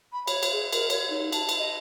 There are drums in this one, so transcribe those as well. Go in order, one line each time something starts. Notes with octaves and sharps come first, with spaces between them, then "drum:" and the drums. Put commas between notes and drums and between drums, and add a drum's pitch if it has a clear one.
B5
C#5, drum: cymbal
drum: cymbal
G#4
A#4, drum: cymbal
C#5, drum: cymbal
D#4
A5, drum: cymbal
drum: cymbal
D#5